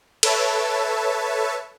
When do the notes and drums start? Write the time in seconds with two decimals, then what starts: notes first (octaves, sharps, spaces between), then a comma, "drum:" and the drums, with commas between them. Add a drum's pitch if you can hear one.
0.23 A4 B4 C#5 E5 A5, drum: cymbal